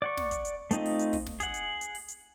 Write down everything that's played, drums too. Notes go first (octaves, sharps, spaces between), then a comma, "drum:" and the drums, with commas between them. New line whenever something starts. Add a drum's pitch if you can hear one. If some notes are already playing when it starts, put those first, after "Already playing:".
D5 F#5 C#6
drum: snare
drum: kick, hi-hat
drum: hi-hat
A3 C4 D#4 F4 D#5, drum: hi-hat
drum: open hi-hat
drum: hi-hat
drum: kick, open hi-hat
drum: snare
G#4 F#5, drum: kick, hi-hat
drum: hi-hat
drum: hi-hat
drum: open hi-hat
drum: hi-hat